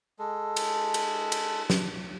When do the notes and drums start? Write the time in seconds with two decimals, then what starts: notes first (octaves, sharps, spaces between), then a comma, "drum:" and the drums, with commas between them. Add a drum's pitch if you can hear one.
0.19 G#3 A4
0.56 drum: cymbal
0.94 drum: cymbal
1.32 drum: cymbal
1.70 drum: snare